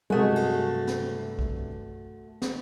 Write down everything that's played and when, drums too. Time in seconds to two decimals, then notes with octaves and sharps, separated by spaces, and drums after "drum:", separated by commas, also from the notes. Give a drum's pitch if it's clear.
0.10 G2 C3 F#3 G#3 A3 F#4 G#4
0.36 drum: cymbal
0.87 drum: snare
1.39 drum: kick
2.42 drum: snare